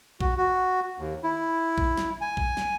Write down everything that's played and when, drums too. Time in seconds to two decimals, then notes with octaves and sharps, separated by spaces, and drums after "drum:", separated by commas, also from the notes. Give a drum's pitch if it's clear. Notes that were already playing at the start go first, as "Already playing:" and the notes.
0.21 F#4, drum: kick
0.37 F#4
0.98 D#2
1.23 E4
1.78 drum: kick
1.97 drum: snare
2.21 G#5
2.37 drum: kick
2.57 drum: snare